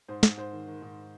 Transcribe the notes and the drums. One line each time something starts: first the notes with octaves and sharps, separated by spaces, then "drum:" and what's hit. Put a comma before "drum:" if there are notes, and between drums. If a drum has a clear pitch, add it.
G#2 C5
G#2, drum: snare
G#2 C5
D#3
D#3
G#2